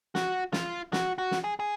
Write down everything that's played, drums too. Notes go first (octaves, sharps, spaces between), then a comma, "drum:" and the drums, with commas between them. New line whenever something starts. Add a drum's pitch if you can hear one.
F#4, drum: snare
F4, drum: snare
F#4, drum: snare
F#4
drum: snare
G#4
G#4